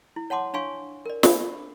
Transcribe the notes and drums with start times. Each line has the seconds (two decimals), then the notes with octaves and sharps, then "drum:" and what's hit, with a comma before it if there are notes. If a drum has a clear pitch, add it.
0.16 E4
0.30 C#5 F#5 A5 C6 D6
0.54 D4 C#5 F5 G#5 C6 C#6
1.06 A#4 D5
1.23 D4 B5, drum: snare